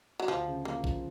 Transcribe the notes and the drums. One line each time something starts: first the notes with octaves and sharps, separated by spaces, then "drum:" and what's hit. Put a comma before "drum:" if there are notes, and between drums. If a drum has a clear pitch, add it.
F#3
D2 F3
C#3
F3 A#3
F3, drum: kick G#1